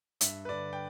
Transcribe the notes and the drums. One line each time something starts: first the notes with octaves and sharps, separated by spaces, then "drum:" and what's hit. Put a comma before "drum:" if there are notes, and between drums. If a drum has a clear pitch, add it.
G2 E5, drum: hi-hat
B4
D3 D5
G5